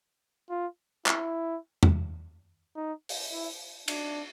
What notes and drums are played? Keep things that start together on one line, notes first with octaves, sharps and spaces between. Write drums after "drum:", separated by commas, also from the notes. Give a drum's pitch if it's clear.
F4
E4, drum: clap
drum: tom E2
D#4
drum: open hi-hat
E4
D4, drum: cymbal